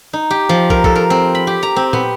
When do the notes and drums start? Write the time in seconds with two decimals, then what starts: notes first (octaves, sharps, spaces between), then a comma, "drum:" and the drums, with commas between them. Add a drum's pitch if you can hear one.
0.13 D#4
0.30 G4
0.49 F3
0.70 A#4, drum: kick
0.84 A4, drum: kick
0.96 A#4
1.10 C4
1.35 B5
1.47 G4
1.63 A#5
1.76 C4
1.93 B3, drum: tom A#2